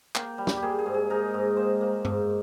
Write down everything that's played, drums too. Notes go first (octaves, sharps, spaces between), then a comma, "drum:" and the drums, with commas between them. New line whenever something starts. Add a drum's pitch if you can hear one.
A#3 G5, drum: clap
G3
G5, drum: snare
G4
A#3 G#4
G#4
G#2
G#4
D#4 A#4
G#2
A#3 C5
A#3
G#2, drum: tom G2